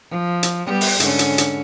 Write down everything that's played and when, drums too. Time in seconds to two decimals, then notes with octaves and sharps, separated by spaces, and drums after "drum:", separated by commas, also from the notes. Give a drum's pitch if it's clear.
0.10 F3
0.43 drum: hi-hat
0.66 G3 B3 G4
0.81 drum: open hi-hat
1.00 G#2 D3 C#4, drum: hi-hat
1.19 drum: hi-hat
1.38 drum: hi-hat